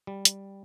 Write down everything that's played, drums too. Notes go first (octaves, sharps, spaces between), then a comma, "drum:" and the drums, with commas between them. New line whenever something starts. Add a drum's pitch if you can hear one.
G3
drum: hi-hat